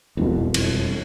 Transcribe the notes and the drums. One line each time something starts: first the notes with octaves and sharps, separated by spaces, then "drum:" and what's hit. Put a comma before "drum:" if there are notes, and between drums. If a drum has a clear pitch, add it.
E1 C2 F2 B2
drum: cymbal